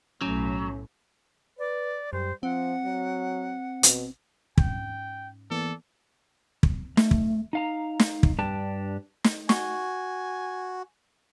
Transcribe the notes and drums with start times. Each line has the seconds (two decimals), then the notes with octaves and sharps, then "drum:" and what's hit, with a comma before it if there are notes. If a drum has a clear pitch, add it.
0.21 B1 A2 F#3 C#4
1.59 B4 D5
2.13 F#2 G3 C5
2.43 F3 C4 F#5
2.84 F#3
3.83 B2, drum: hi-hat
4.58 G#2 C#4 G5, drum: kick
5.51 E3 A#3 B3 A4 D5
6.63 drum: kick
6.97 A3, drum: snare
7.11 drum: kick
7.53 D#4 F5 A#5
8.00 drum: snare
8.23 drum: kick
8.39 G2 D4 G4 A5
9.24 drum: snare
9.49 F#4 G#5 C#6, drum: snare